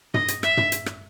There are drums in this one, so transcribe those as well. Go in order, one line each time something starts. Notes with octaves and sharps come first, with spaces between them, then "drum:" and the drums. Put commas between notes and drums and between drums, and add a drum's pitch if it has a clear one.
D#5, drum: tom
drum: hi-hat
E5, drum: rim click
drum: tom
drum: hi-hat
drum: rim click